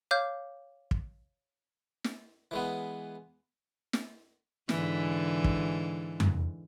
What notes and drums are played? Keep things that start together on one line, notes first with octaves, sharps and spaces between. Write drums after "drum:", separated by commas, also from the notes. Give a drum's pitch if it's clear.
C#5 F5 D6 F6 G6
drum: kick
drum: snare
E3 G#3 B3
drum: snare
G#2 D3 E3, drum: snare
drum: kick
drum: tom F2